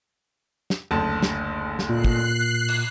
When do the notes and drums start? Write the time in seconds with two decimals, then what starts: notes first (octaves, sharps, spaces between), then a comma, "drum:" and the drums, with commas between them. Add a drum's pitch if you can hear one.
0.70 drum: snare
0.91 F#1 D2 A5
1.23 drum: snare
1.79 drum: snare
1.89 A#2 F#6 C7
2.05 drum: kick
2.68 drum: cymbal